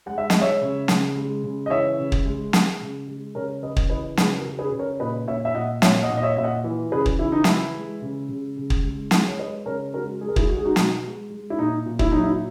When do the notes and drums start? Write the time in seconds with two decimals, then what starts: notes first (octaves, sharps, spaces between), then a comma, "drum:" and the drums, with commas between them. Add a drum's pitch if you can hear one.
0.06 G#3 F#5
0.18 E5
0.30 G#3 D#5, drum: snare
0.41 C#5 E5
0.61 C#3
0.88 C#3, drum: snare
1.16 G#3
1.43 C#3
1.66 D#5
1.70 E3 C#5 E5
1.98 C#3
2.12 drum: kick
2.26 G#3
2.53 G#3, drum: snare
2.81 C#3
3.07 G#3
3.35 C#3 A#4 C#5
3.63 C#3 B4 D#5
3.76 drum: kick
3.90 E3 B4 D#5
4.17 C#3 G#4 B4, drum: snare
4.38 F#4 A#4
4.45 C#3
4.59 G#4 B4
4.72 C#3
4.79 A#4 C#5
5.00 A#2 B4 D#5
5.27 A#2 C#5 E5
5.45 E5
5.54 A#2 D#5 F#5
5.82 A#2 C#5 E5, drum: snare
6.03 D#5 F#5
6.10 A#2
6.17 D#5
6.23 C#5 E5
6.37 A#2 E5
6.43 D#5 F#5
6.64 E3
6.92 C#3 G#4 B4
7.06 drum: kick
7.19 E3 E4
7.32 D#4
7.44 E3 E4, drum: snare
7.75 G#3
8.02 C#3
8.29 C#3
8.57 C#3
8.70 drum: kick
8.83 G#3
9.11 G#3 E4, drum: snare
9.28 C#5
9.38 G#3 B4 D#5
9.66 C#3 A#4 C#5
9.93 G#3 F#4 A#4
10.21 G#3 G#4
10.29 A#4
10.36 E4 G#4, drum: kick
10.48 G#3 F#4
10.57 G#4
10.65 D#4 F#4
10.76 B2, drum: snare
11.03 G#3
11.30 G#3
11.50 E4
11.58 A#2 D#4
11.86 A#2
11.99 E4, drum: kick
12.12 F#3 D#4
12.24 E4